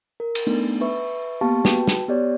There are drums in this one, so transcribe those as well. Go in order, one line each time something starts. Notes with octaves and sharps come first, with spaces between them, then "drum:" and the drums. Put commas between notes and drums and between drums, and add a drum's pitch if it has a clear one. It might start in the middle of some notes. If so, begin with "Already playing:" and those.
A#4
drum: cymbal
A3 B3 D4 D#4
B4 E5 C#6
A#3 B3 G4 F5 A5 C#6
F#4 B4 G5 A5, drum: snare
drum: snare
B3 G4 C#5 D5